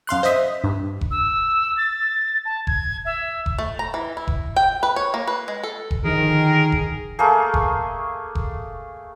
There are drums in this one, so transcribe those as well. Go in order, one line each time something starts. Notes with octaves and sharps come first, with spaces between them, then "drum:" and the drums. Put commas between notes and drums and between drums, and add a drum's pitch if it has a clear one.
F#2 F5 C6 F#6
C5 D#5 E5 D#6 B6
G2
drum: kick F1
E6
A6
A5
G#6, drum: kick F1
E5
drum: kick F1
A3
A#5
E3
E4
drum: kick F1
G5
B4
C#5
A#3
B4
G#3
A4
drum: kick F1
D3 D#3 F3 D#4 G#4 A#4
drum: kick F1
A3 A#3 G#4
drum: kick F1
drum: kick F1